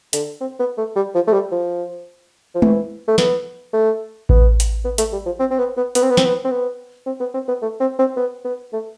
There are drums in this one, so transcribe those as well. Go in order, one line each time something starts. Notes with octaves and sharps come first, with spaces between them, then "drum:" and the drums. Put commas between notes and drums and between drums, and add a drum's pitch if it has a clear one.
D3, drum: hi-hat
C4
B3
A3
G3
F3
A3
G3
F3
F3
E3, drum: tom G#3
A3
B3, drum: snare
A3
B3, drum: kick A1
drum: hi-hat
B3
A3, drum: hi-hat
G3
F3
C4
C4
B3
B3
B3, drum: hi-hat
C4
B3
C4, drum: snare
B3
C4
B3
C4
B3
C4
B3
A3
C4
C4
B3
B3
A3